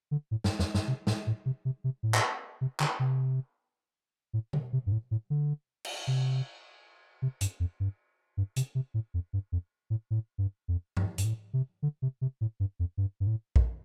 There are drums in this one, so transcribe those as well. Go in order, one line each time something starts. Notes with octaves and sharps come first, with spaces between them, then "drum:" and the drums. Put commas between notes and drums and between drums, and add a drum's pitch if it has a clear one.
D3
A2
G2, drum: snare
F2, drum: snare
G2, drum: snare
C3
A2, drum: snare
A2
C3
C3
C3
A2
drum: clap
C3
D3, drum: clap
C3
A2
D3, drum: tom
C3
G2
A2
A2
D3
drum: cymbal
C3
C3
G2, drum: hi-hat
F2
G2
G2
C3, drum: hi-hat
C3
A2
F2
G2
F2
A2
A2
G2
F2
G2, drum: tom G#2
G2, drum: hi-hat
A2
C3
D3
C3
C3
A2
G2
F2
G2
G2
A2
G2, drum: kick A#1